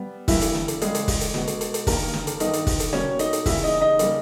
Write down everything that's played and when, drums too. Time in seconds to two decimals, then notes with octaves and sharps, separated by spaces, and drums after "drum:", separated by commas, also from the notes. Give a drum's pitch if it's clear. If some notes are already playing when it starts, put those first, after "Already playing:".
Already playing: G3 B3
0.28 G2 E3 G3 A#3 E4, drum: kick, open hi-hat
0.42 drum: hi-hat
0.55 drum: snare
0.68 drum: hi-hat
0.81 C#3 E3 G3 G#3 G#4, drum: hi-hat
0.95 drum: hi-hat
1.08 drum: kick, open hi-hat
1.21 drum: hi-hat
1.34 B2 G#3 B3, drum: snare
1.47 drum: hi-hat
1.61 drum: hi-hat
1.74 drum: hi-hat
1.87 G2 D#3 G3 A#3 A#4, drum: kick, open hi-hat
2.14 drum: snare
2.27 drum: hi-hat
2.40 G2 D#3 G3 B3 D#4 D#5, drum: hi-hat
2.53 drum: hi-hat
2.67 drum: kick, open hi-hat
2.80 drum: hi-hat
2.93 B2 G3 A#3 C#4 C#5, drum: snare
3.19 D#4 D#5, drum: hi-hat
3.33 drum: hi-hat
3.46 E2 C#3 G3 A#3 E4 E5, drum: kick, open hi-hat
3.64 D#4 D#5
3.81 D#4 D#5
3.99 C#3 G3 A#3, drum: hi-hat